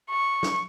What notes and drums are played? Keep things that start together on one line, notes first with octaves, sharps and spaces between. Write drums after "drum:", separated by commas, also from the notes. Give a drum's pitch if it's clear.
C#6
drum: snare